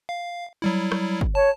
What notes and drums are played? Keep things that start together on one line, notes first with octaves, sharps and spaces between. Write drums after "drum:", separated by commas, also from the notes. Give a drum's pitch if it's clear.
F5
F#3 G3 E4
drum: rim click
drum: kick
C#5 A5